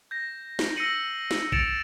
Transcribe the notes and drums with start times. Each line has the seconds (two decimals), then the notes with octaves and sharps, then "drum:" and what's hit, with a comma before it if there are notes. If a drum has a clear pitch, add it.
0.11 G6 A#6
0.59 drum: snare
0.76 E6 A#6 C7 C#7 D#7 F#7
1.31 drum: snare
1.52 A6 C#7 D7 E7 F7, drum: kick